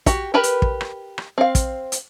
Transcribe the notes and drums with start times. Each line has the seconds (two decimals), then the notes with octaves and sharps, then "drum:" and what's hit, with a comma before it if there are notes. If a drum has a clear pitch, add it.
0.06 F#4 G4, drum: kick, hi-hat
0.34 G4 A#4 B4 B5
0.43 drum: hi-hat
0.62 drum: kick
0.81 drum: rim click
1.18 drum: rim click
1.38 C4 F5
1.55 drum: kick, hi-hat
1.92 drum: hi-hat